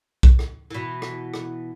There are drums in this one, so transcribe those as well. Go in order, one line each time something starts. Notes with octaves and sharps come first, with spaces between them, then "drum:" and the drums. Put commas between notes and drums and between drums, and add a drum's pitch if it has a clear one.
drum: kick
drum: rim click
B2 E3
drum: rim click
drum: rim click